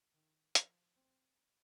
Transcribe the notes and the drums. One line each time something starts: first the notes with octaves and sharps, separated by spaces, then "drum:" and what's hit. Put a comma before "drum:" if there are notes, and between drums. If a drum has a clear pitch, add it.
D#3
F3, drum: hi-hat
C4